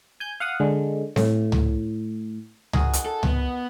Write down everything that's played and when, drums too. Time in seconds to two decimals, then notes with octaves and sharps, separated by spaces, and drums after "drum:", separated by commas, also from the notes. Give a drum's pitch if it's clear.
0.20 G#5 G6
0.40 F5 F#5 D#6
0.60 D3 G#3
1.16 A2, drum: snare C4
1.52 drum: tom C#2
2.73 D#3 F#4 G#4, drum: tom C#2
2.93 drum: hi-hat
3.06 A4
3.23 B3, drum: tom C#2